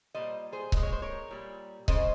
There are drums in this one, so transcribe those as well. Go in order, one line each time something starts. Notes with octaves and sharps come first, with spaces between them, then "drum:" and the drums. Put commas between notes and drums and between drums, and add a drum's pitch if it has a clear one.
A#2 G3 C5 D#5
G#4 C5
A#2 G#3 D#5, drum: kick C#1
C#5
C5
A#4 C#5
A#2 G3
C#3 G#3 C5 D#5, drum: kick C#1